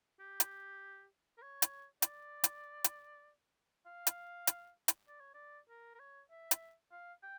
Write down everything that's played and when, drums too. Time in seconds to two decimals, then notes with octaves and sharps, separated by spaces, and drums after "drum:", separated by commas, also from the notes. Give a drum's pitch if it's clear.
0.20 G4
0.40 drum: hi-hat
1.38 A#4
1.42 C#5
1.62 drum: hi-hat
2.02 D5, drum: hi-hat
2.44 drum: hi-hat
2.84 drum: hi-hat
3.86 F5
4.07 drum: hi-hat
4.47 drum: hi-hat
4.88 drum: hi-hat
5.08 D5
5.21 C#5
5.34 D5
5.70 A#4
5.95 A#4
6.00 C#5
6.30 E5
6.51 drum: hi-hat
6.92 F5
7.23 G5